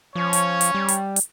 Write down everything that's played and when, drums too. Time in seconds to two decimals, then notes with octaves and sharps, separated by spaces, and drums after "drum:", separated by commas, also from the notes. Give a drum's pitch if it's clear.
0.16 F3 C#4 C#5
0.33 drum: hi-hat
0.61 drum: hi-hat
0.75 G3
0.88 drum: hi-hat
1.16 drum: hi-hat